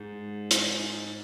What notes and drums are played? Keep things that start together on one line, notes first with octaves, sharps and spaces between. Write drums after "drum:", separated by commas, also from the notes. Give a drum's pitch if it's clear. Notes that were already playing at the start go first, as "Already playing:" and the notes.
Already playing: G#2
drum: hi-hat